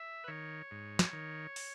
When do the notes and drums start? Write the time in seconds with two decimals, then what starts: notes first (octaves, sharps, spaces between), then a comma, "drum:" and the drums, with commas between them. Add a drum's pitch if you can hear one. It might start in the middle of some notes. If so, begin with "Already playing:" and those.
Already playing: E5
0.24 B4
0.28 D#3 C#5
0.71 G#2
0.99 drum: snare
1.13 D#3
1.56 drum: open hi-hat